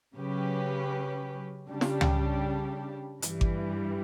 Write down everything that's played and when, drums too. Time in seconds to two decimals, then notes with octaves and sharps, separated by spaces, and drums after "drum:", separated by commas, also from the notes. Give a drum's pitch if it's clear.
0.14 C#3 F#3 C#4 G4 B4
1.68 C#3 G3 D4 G4
1.81 drum: snare
2.01 drum: tom
3.22 G2 E3 G3, drum: hi-hat
3.41 drum: kick G#1